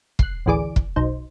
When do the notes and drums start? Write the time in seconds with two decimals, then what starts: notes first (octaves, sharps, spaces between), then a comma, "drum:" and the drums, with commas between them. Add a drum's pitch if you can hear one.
0.19 F#6 C7, drum: kick
0.46 A1 D2 E3 G#4 D5 D7
0.76 drum: kick
0.96 B1 D#4 C5